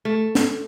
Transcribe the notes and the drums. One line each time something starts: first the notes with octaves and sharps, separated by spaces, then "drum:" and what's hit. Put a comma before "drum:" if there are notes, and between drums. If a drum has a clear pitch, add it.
A3
drum: snare